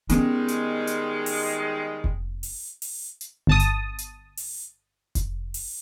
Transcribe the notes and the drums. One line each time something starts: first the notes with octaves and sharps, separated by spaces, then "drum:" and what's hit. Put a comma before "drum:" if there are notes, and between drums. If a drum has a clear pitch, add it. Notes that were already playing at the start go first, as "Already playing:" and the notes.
D#3 G3 G#3 B3 C#4, drum: hi-hat
drum: hi-hat
drum: hi-hat
drum: open hi-hat
drum: kick F1
drum: open hi-hat
drum: open hi-hat
drum: hi-hat
G1 A5 D#6
drum: hi-hat
drum: hi-hat
drum: open hi-hat
drum: kick F1, hi-hat
drum: open hi-hat